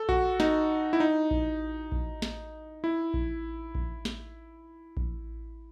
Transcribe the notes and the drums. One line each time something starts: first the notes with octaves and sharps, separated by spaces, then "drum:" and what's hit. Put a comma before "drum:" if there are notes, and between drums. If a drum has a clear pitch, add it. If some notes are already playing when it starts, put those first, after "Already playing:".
Already playing: A4
F#4, drum: kick A#1
D#4, drum: snare
E4
D#4
drum: kick A#1
drum: kick A#1
drum: snare
E4
drum: kick A#1
drum: kick A#1
drum: snare
drum: kick A#1